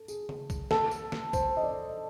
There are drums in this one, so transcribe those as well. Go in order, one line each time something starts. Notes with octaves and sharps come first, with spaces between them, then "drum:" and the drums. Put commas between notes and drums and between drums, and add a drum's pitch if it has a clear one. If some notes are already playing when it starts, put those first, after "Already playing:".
Already playing: A4
G#4, drum: tambourine
drum: tom C#3
drum: kick B1, tambourine
A4, drum: snare
drum: tambourine
drum: snare
C5, drum: kick B1, tambourine
D#5
D5